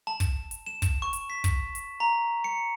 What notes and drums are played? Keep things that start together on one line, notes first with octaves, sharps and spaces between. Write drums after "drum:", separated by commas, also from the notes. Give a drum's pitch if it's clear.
A5
drum: kick, hi-hat
drum: hi-hat
E7
drum: kick, hi-hat
C#6
drum: hi-hat
B6
drum: kick, hi-hat
drum: hi-hat
A#5
C#7